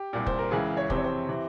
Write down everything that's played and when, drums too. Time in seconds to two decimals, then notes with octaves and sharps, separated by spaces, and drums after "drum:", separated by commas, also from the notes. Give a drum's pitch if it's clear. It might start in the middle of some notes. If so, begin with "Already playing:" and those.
Already playing: G4
0.13 C2 A#2
0.27 C5, drum: kick
0.39 A#4
0.51 C#2 C#3 E3 G#4
0.77 C#5
0.90 F2 C3 E3 C5, drum: kick
0.96 C#5
1.04 C5
1.29 C3 E3